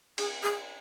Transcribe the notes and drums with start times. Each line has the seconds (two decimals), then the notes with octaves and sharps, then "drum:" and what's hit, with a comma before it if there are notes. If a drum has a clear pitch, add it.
0.18 G#4, drum: cymbal
0.43 G#4